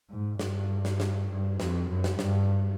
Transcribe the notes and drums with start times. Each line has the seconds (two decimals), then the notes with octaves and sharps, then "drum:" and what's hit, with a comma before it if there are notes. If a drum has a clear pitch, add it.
0.10 G#2
0.39 G2, drum: snare
0.85 drum: snare
1.00 drum: snare
1.30 G2
1.60 F2, drum: snare
1.89 F#2
2.04 drum: snare
2.19 G2, drum: snare